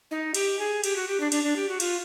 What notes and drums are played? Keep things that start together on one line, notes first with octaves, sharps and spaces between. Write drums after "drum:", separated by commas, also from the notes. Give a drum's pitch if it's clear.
D#4
G4, drum: cymbal
G#4
G4, drum: cymbal
F#4
G4
D4
D4, drum: cymbal
D4
G4
F#4
F4, drum: cymbal